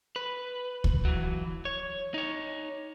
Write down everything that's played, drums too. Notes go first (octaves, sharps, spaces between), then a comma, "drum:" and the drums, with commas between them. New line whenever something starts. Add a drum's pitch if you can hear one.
B4
drum: kick
E3 F#3
C#5
D#4 C#5